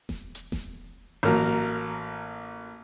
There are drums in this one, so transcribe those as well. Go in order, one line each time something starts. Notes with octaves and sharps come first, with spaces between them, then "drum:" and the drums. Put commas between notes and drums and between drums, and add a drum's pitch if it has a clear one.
drum: snare E1
drum: hi-hat
drum: snare E1
A1 F#3 A#3 A#4